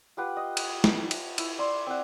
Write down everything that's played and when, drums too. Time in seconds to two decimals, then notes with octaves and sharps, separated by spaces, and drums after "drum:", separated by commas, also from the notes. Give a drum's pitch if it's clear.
0.17 F4 G4 B4 F#5
0.37 D#5
0.57 drum: cymbal
0.84 drum: snare
1.11 drum: cymbal
1.38 E4, drum: cymbal
1.58 D5 C6
1.86 C4 D5 F#5